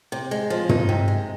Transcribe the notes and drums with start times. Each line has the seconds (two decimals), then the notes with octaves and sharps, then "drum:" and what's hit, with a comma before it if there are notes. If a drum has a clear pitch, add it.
0.12 C3
0.31 G#3
0.50 F3
0.69 D#4, drum: tom
0.89 C3
1.08 G#3